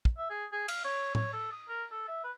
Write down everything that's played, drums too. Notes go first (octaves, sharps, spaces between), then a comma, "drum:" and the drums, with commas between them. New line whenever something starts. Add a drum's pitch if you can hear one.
drum: kick
E5
G#4
G#4
F5, drum: cymbal
C#5
C#5, drum: tom A2
A4
D#6
A#4
A4
E5
B4